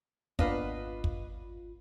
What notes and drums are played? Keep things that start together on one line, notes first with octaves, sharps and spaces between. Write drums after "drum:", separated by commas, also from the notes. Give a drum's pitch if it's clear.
G#1 A#3 B3 D4 F4 B4 D#5 F5, drum: kick
drum: kick